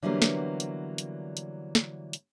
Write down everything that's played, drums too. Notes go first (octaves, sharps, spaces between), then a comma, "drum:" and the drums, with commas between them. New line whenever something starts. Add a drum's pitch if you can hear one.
D3 E3 F#3 G3 A#3 B3
drum: snare
drum: hi-hat
drum: hi-hat
drum: hi-hat
drum: snare
drum: hi-hat